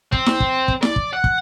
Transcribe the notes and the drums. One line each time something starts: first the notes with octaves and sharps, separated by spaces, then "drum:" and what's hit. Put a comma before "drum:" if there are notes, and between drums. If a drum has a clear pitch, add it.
C4, drum: kick
drum: snare E4
drum: kick
drum: kick
D5, drum: snare E4
drum: kick
F#5
drum: kick